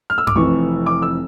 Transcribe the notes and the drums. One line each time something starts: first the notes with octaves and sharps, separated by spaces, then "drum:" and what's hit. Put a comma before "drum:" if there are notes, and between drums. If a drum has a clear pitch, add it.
F6
E6
D6, drum: tom F#2
F1 F2 E3 C#6
D6
E6